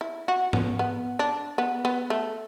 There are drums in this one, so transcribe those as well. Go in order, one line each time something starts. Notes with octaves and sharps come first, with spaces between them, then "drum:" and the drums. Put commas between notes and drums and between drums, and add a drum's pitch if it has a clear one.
E4
F#4
B3, drum: tom G#2
B3
D4
B3
B3
A3